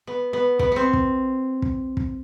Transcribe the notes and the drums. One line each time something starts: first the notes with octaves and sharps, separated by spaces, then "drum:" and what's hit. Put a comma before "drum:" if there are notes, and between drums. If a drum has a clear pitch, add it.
B3
B3
B3, drum: kick
B3 C4
drum: kick
drum: kick
drum: kick